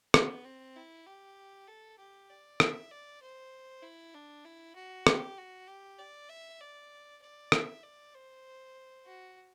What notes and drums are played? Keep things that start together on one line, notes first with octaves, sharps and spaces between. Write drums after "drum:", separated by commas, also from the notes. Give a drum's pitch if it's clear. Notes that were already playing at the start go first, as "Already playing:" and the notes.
B3, drum: rim click
C4
E4
G4
A4
G4
D5
E5, drum: rim click
D5
C5
E4
D4
E4
F#4
G4, drum: rim click
F#4
G4
D5
E5
D5
D5
E5, drum: rim click
D5
C5
F#4